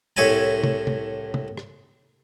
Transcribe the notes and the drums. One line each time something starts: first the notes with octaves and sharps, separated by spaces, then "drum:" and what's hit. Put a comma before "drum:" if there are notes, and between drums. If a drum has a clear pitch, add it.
C2 A2 C#5 E5 G#5 A5
drum: tom C3
drum: tom C3
drum: tom C3
drum: rim click